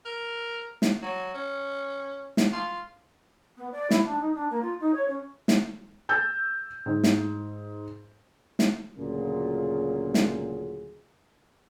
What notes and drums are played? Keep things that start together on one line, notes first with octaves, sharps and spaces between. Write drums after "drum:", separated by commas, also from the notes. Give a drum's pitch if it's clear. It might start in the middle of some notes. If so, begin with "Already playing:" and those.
A#4
drum: snare
F#3
C#4
drum: snare
F4
B3
D5
E4, drum: snare
D4
D#4
D4
A#3
F4
D#4
C#5
C#4
drum: snare
E6 G6 A6
G#2
drum: snare
drum: snare
D2 A#2 C#3 F#3 F4 G#4
drum: snare